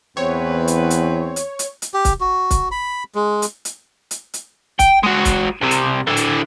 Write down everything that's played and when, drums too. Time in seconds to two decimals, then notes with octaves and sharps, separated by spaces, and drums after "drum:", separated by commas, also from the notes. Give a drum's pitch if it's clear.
0.17 E2 E3 B3 C4 B4 C#5
0.68 drum: hi-hat
0.90 drum: hi-hat
1.36 drum: hi-hat
1.59 drum: hi-hat
1.82 drum: hi-hat
1.94 G4
2.05 drum: kick, hi-hat
2.21 F#4
2.51 drum: kick, hi-hat
2.71 B5
3.15 G#3
3.42 drum: hi-hat
3.65 drum: hi-hat
4.11 drum: hi-hat
4.34 drum: hi-hat
4.79 G5, drum: kick, hi-hat
5.03 G#3 F#4
5.25 drum: kick, hi-hat
5.61 C2 C3
5.71 drum: hi-hat
6.07 D3 E4
6.17 drum: hi-hat